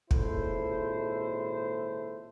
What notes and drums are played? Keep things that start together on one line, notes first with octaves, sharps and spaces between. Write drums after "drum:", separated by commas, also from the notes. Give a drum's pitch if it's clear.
G#1 A#2 C#3 E4 A4 C5, drum: kick